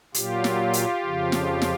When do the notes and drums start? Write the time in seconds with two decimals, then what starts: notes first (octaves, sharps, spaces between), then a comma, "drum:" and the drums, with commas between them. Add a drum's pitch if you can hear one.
0.14 A#2 F#3 F4 G4, drum: hi-hat
0.44 drum: snare
0.73 drum: hi-hat
1.03 F2 C#3 F3
1.32 drum: snare
1.62 drum: snare